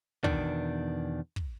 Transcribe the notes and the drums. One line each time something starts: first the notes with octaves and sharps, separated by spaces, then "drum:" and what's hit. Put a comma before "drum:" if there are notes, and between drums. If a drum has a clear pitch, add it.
E2 B2 D#3 D4, drum: kick
drum: kick